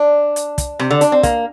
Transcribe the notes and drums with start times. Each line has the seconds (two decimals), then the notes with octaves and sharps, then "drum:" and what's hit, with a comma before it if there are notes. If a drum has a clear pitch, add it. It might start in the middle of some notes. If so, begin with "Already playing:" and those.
Already playing: D4
0.36 drum: hi-hat
0.58 drum: kick, hi-hat
0.79 C3, drum: rim click
0.90 D3
1.01 D4, drum: hi-hat
1.12 C4
1.23 A#3, drum: kick, hi-hat